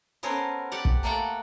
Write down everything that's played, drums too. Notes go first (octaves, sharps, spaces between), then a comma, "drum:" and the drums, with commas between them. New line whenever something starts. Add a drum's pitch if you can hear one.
B3 C#4 A4 A#4 C5
G4 D5 F#5
drum: kick
A3 A#3 D5 F#5 G5